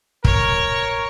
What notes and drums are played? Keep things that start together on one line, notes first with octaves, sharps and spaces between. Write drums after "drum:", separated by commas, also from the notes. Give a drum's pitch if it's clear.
A#4 C#5, drum: kick